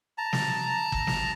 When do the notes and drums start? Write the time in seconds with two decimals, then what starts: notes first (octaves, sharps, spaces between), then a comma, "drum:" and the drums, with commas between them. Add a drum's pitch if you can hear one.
0.18 A5 A#5
0.33 drum: snare
0.92 drum: kick
1.07 drum: snare